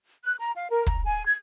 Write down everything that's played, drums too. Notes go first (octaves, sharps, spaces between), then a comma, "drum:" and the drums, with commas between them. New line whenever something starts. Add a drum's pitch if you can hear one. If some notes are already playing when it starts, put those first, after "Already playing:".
F#6
A#5
F5
A#4
A#5, drum: kick
G#5
G#6